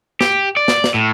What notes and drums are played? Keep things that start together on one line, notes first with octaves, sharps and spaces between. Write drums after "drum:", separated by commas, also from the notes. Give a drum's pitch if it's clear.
G4, drum: snare
D5
drum: snare
drum: snare
A2